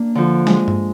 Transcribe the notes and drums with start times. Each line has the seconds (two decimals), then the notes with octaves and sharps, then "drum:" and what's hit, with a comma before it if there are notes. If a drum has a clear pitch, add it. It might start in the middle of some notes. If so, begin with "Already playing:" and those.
Already playing: A#3 D4
0.15 D3 F3
0.47 G#3, drum: snare
0.68 drum: tom G2